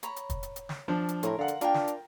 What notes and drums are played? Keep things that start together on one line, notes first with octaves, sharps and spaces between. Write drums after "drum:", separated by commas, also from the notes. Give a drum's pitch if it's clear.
C#5 A#5 B5, drum: hi-hat
drum: hi-hat
drum: kick, hi-hat
drum: hi-hat
drum: hi-hat
drum: snare
F3 D4
drum: hi-hat
A2 A#4 C6, drum: hi-hat
D3 F5 F#5
drum: hi-hat
D4 F4 A#4 G5, drum: hi-hat
drum: snare
drum: hi-hat